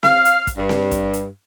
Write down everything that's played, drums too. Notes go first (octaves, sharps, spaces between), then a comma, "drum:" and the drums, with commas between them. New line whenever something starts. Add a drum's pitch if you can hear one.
F5, drum: snare C4
drum: hi-hat
drum: kick, hi-hat
G2
drum: snare C4
drum: kick, hi-hat
drum: hi-hat